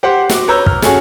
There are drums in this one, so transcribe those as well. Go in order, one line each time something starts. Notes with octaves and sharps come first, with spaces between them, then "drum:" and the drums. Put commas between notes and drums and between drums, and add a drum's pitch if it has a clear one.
G4 C5 F#5
F#4 D6, drum: snare
B4 C#5 A#5 E6 G6
F6, drum: kick
C#4 F#4 G#4 A4 C#5, drum: snare